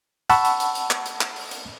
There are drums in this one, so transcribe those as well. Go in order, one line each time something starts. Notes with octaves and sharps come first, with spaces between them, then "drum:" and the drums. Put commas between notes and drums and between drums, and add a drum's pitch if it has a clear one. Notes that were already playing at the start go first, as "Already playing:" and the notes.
F#5 A5 B5 C#6 E6, drum: hi-hat
drum: hi-hat
drum: hi-hat
drum: hi-hat
drum: clap
drum: hi-hat
drum: clap
drum: open hi-hat
drum: hi-hat